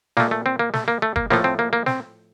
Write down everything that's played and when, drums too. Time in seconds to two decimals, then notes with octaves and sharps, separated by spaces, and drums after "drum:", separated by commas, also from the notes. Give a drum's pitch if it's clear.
0.17 A#2 A3 A#3, drum: snare
0.31 A3
0.46 C4
0.59 A#3
0.74 A3, drum: snare
0.88 A#3
1.02 A3
1.16 A#3, drum: kick
1.30 A2 F3 A3 A#3, drum: snare
1.44 C4
1.59 A#3
1.73 A#3
1.86 C4, drum: snare